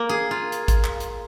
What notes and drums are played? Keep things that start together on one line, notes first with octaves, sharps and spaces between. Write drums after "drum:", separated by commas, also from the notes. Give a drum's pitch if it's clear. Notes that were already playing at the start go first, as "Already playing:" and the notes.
Already playing: A#3
G#4
F4
drum: hi-hat
drum: kick, hi-hat
drum: clap
drum: hi-hat